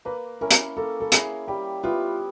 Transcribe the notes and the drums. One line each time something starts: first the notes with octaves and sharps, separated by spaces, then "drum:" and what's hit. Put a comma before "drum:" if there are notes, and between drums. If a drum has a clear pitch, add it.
A#3 B4
C#4 E4 A#4
drum: hi-hat
A#3 A4
A4
C#4 E4 G#4, drum: hi-hat
G3 G4
B3 E4 F4 G4